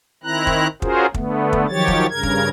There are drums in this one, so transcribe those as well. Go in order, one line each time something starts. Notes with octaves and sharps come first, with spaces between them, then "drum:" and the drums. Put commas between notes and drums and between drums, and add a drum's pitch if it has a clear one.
D#3 C4 E4 A#5 F#6
drum: kick
C#4 F4 F#4 G#4 A#4 C5, drum: kick
D3 A3 B3, drum: kick
drum: kick
D#3 F3 F#3 G4 C#5 A6
drum: kick
G2 C#3 A#4 G#6
drum: kick